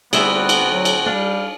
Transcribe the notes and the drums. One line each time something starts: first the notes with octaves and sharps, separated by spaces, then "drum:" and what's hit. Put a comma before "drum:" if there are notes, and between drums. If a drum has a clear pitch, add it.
D2 G3 B3 C4 F#4 G#4 E5, drum: cymbal
drum: cymbal
F#3
drum: cymbal
G3 D4 F5